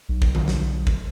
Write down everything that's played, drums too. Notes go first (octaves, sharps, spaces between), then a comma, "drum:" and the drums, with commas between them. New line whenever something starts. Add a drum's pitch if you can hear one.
B1
drum: kick
drum: tom D3
drum: snare
drum: kick